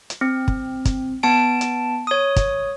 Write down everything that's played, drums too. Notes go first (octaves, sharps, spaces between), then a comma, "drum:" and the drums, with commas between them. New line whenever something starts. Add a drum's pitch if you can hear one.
drum: hi-hat
C4
drum: kick
drum: kick, hi-hat
B3 A5 D7
drum: hi-hat
C#5 D#6
drum: kick, hi-hat